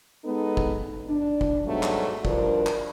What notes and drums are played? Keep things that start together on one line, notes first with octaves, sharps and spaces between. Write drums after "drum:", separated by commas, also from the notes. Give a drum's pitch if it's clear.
G#3 B3 D#4 A4
drum: kick
D4
drum: kick
G#2 B2 F#3 G3 A3
drum: clap
D2 G2 F3 D4 A#4, drum: kick
drum: clap